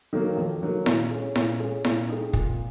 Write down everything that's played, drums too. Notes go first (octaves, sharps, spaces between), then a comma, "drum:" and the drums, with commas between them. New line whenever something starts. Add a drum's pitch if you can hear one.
D#3 F#3 A#3
F2
D#3 F#3 A#3
A#2, drum: snare E4
G#3 C#4
A#2, drum: snare E4
G#3 C#4
A#2, drum: snare E4
G#3 C4 D#4
A#2, drum: kick